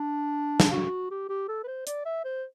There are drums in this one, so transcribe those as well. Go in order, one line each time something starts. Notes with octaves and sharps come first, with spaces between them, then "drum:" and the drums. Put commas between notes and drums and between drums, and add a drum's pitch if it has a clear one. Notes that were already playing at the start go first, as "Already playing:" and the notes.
Already playing: D4
drum: snare
F#4
G4
G4
A4
B4
C5
D5, drum: hi-hat
E5
C5